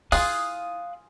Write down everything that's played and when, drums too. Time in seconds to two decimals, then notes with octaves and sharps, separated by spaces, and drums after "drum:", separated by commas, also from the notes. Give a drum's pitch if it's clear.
0.12 E4 F4 G#4 F5 D#6 F#6, drum: open hi-hat